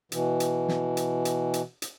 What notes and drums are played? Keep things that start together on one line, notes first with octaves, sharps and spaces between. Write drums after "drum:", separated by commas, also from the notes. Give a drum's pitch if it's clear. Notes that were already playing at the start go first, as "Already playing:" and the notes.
B2 E3, drum: hi-hat
drum: hi-hat
drum: snare
drum: hi-hat
drum: hi-hat
drum: hi-hat
drum: hi-hat